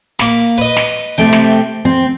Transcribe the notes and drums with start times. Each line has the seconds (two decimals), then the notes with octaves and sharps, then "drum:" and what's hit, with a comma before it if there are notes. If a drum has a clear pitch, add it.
0.19 A#3 B5, drum: snare
0.58 B4 D#5
0.76 drum: snare
1.18 C3 A3 C4 G5
1.33 drum: snare
1.85 C4